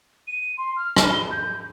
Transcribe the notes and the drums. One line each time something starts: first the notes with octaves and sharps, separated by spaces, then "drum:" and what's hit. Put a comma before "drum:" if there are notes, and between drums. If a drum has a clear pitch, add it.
D#7
C6
F6
drum: rim click
G7
G6